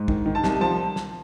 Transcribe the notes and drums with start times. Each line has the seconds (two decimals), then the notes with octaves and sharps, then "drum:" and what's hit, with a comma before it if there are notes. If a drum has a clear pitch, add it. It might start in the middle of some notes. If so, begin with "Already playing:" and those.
Already playing: G#2
0.08 D#3, drum: kick
0.26 D#3
0.35 A5
0.44 C2, drum: snare
0.61 F3 A5
0.96 drum: snare